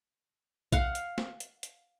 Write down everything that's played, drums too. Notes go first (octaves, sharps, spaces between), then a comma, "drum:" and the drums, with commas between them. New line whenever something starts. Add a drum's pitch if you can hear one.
F5 F#5, drum: kick A#1, hi-hat
drum: hi-hat
drum: snare
drum: hi-hat
drum: hi-hat